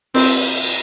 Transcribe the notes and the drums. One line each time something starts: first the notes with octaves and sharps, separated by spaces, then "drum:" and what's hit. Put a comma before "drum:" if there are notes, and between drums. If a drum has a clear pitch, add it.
C4, drum: cymbal